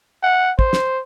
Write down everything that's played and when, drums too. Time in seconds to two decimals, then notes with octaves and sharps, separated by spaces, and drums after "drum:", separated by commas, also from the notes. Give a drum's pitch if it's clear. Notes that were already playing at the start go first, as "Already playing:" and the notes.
0.23 F#5
0.59 C5, drum: kick
0.73 drum: snare